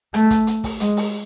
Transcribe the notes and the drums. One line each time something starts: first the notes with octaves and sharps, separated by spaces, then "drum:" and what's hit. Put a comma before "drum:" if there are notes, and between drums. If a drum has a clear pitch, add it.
A3, drum: rim click
drum: kick, hi-hat
drum: hi-hat
drum: kick, open hi-hat
G#3, drum: hi-hat
drum: open hi-hat